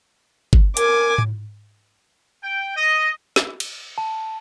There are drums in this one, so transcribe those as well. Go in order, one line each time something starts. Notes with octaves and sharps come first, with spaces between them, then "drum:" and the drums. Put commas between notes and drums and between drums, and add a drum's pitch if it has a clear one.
drum: kick G1
A#4 G#5 D6, drum: hi-hat
drum: tom G#2
G5
D#5
drum: snare
drum: cymbal
A5